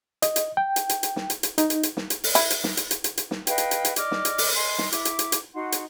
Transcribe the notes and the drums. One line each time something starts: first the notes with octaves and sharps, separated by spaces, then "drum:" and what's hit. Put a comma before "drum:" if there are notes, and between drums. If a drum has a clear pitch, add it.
D#5, drum: hi-hat
drum: hi-hat
G5
drum: hi-hat
drum: hi-hat
drum: hi-hat
drum: snare
drum: hi-hat
drum: hi-hat
D#4, drum: hi-hat
drum: hi-hat
drum: hi-hat
drum: snare
drum: hi-hat
drum: open hi-hat
E4, drum: hi-hat
drum: hi-hat
drum: snare
drum: hi-hat
drum: hi-hat
drum: hi-hat
drum: hi-hat
drum: snare
B4 D#5 F5 G5, drum: hi-hat
drum: hi-hat
drum: hi-hat
drum: hi-hat
D5 D#5 D6 F6, drum: hi-hat
drum: snare
drum: hi-hat
drum: open hi-hat
D#5 G#5 C6
drum: snare
E4 D6, drum: hi-hat
drum: hi-hat
drum: hi-hat
drum: hi-hat
D#4 F#4 F#5 C6
drum: hi-hat